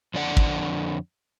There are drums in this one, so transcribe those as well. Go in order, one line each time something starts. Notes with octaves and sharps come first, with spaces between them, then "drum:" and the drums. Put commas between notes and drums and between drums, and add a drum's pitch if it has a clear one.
F2 D3 D5 F#5
drum: kick